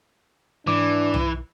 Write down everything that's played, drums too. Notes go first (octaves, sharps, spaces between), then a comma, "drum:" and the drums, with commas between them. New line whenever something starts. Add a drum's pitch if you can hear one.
G#2 E3 D4 D6
drum: tom